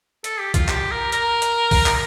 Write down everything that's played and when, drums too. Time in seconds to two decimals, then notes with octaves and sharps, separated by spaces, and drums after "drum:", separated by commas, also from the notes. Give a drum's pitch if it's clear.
0.24 A4, drum: hi-hat
0.40 G4
0.54 F4, drum: kick B1, hi-hat
0.68 G4, drum: clap
0.91 A#4
1.12 A#4, drum: hi-hat
1.42 drum: hi-hat
1.71 drum: kick B1, open hi-hat
1.86 drum: clap